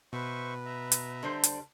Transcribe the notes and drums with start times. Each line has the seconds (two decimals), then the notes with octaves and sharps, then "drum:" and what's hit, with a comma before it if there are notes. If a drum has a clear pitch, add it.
0.13 B2 B4 C5 E5 C#6
0.66 E5 A#5
0.92 drum: hi-hat
1.23 D3 G3 C5
1.44 drum: hi-hat